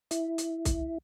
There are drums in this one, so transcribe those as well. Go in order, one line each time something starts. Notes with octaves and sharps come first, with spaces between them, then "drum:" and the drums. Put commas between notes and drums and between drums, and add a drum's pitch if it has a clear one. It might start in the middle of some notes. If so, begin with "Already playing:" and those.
E4, drum: hi-hat
drum: hi-hat
drum: kick, hi-hat